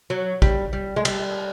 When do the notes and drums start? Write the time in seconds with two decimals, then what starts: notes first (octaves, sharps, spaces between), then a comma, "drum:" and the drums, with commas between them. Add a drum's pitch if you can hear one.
0.10 F#3
0.42 G3, drum: kick
0.73 G3
0.96 G#3
1.05 G3, drum: cymbal